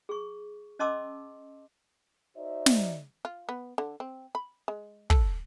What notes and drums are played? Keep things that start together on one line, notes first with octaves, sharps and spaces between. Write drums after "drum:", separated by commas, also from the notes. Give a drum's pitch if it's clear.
G#4 C#6
C#4 D#5 A5 C6 D6 E6
D#4 F#4 C5 D5 E5
drum: snare
F4
B3
D3
C4
B5
G#3
A4, drum: kick